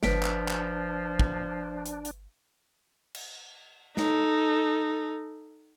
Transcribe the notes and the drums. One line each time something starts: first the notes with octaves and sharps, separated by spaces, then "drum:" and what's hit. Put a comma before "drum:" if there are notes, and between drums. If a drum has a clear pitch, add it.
G1 F3 D4 B4 B6 D7, drum: snare
drum: clap
drum: clap
drum: kick
drum: hi-hat
drum: hi-hat
drum: cymbal
D#4 A4, drum: snare